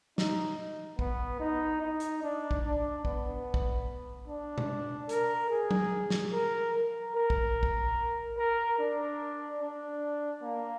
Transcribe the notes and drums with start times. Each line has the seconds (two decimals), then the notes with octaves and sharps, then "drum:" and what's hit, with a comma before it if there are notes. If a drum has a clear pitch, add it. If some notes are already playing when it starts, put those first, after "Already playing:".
0.18 D#4, drum: snare
0.99 B3, drum: kick
1.40 D#4
1.82 D#4
2.00 drum: hi-hat
2.22 D4
2.51 drum: kick
2.64 D4
3.05 B3, drum: kick
3.54 drum: kick
4.28 D4
4.58 drum: tom B2
5.09 A#4, drum: hi-hat
5.50 G#4
5.71 drum: tom F#3
6.10 drum: snare
6.33 A#4
6.74 A#4
7.15 A#4
7.30 drum: kick
7.63 drum: kick
8.38 A#4
8.78 D4
9.61 D4
10.43 A#3